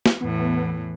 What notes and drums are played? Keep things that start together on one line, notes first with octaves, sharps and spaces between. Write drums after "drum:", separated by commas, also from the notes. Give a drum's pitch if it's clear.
drum: snare
E2 A2 E3 B3